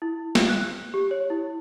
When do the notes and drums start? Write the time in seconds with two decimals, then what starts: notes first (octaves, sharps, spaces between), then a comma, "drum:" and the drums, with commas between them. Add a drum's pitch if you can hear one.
0.02 E4
0.35 drum: snare
0.49 F#6
0.94 G4
1.11 C#5
1.30 E4